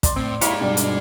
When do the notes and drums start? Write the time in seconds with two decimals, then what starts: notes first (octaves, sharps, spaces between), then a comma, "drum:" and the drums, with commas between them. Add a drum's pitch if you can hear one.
0.03 D5 C6, drum: kick, hi-hat
0.16 A2 C4
0.41 G#3 A#3 D#4 E4 G4 C#5 B5, drum: hi-hat
0.61 G2 B2 G3 D4
0.77 drum: hi-hat